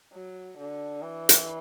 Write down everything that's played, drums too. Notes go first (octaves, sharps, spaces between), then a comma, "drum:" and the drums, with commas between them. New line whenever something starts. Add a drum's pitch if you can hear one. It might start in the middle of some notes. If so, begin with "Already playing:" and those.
F#3
D3
E3
drum: hi-hat